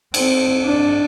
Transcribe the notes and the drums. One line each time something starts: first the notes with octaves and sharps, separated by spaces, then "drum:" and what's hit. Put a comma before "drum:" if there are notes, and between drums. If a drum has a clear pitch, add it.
C4, drum: cymbal
D4